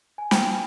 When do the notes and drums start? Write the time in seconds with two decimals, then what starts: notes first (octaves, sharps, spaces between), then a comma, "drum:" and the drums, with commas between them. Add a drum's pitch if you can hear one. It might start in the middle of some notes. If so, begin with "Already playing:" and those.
0.18 G#5
0.31 G5, drum: snare